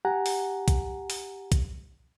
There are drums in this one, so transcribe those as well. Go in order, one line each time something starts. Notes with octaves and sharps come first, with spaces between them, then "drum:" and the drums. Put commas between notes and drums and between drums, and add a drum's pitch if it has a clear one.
G4 F#5 G#5 A#5
drum: open hi-hat
drum: kick, hi-hat
drum: open hi-hat
drum: kick, hi-hat